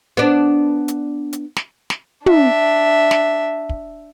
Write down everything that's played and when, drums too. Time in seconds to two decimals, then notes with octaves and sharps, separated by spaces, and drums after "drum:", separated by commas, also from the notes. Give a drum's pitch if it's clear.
0.17 B3 D4
0.88 drum: hi-hat
1.33 drum: hi-hat
1.56 drum: snare
1.90 drum: snare
2.26 D4 E5, drum: tom
3.11 drum: snare
3.69 drum: kick